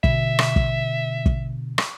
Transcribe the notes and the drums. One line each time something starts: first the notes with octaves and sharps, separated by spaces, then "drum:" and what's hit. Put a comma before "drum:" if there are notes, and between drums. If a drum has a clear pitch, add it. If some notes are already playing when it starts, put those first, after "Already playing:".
B2 D3 E5, drum: kick
drum: rim click
drum: kick
drum: kick
drum: rim click